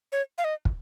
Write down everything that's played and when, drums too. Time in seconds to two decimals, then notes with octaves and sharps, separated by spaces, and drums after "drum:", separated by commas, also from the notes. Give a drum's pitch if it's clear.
0.12 C#5
0.38 F5
0.44 D#5
0.65 drum: kick